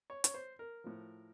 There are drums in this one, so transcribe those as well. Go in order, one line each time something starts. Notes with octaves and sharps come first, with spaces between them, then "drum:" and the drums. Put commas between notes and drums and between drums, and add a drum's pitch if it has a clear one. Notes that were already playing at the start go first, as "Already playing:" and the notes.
C#5
C#5, drum: hi-hat
C5
A#4
A2 F3